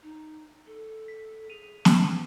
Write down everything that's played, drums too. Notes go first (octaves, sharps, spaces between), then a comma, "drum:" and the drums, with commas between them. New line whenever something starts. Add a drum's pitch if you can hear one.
D#4
A4
B6
G#4 D#7 F7
drum: snare